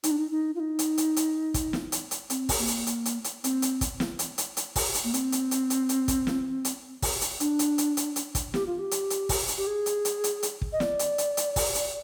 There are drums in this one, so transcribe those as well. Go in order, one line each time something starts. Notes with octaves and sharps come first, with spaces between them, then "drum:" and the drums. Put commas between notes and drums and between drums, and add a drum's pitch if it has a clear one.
D#4, drum: hi-hat
D4
D#4
D#4
F4
D#4
drum: hi-hat
drum: hi-hat
drum: hi-hat
drum: kick, hi-hat
drum: snare
drum: hi-hat
drum: hi-hat
C4, drum: hi-hat
drum: kick, open hi-hat
A#3
drum: hi-hat
drum: hi-hat
drum: hi-hat
drum: hi-hat
C4, drum: hi-hat
drum: hi-hat
drum: kick, hi-hat
drum: snare
drum: hi-hat
drum: hi-hat
drum: hi-hat
drum: kick, open hi-hat
drum: hi-hat
A#3
C4, drum: hi-hat
drum: hi-hat
drum: hi-hat
drum: hi-hat
drum: hi-hat
drum: kick, hi-hat
drum: snare
drum: hi-hat
drum: kick, open hi-hat
drum: hi-hat
D4, drum: hi-hat
drum: hi-hat
drum: hi-hat
drum: hi-hat
drum: hi-hat
drum: kick, hi-hat
G4, drum: snare
F4
G4
drum: hi-hat
drum: hi-hat
drum: kick, open hi-hat
drum: hi-hat
G4
G#4
drum: hi-hat
drum: hi-hat
drum: hi-hat
drum: hi-hat
drum: kick
D#5
D5, drum: snare
drum: hi-hat
drum: hi-hat
drum: hi-hat
drum: kick, open hi-hat
drum: hi-hat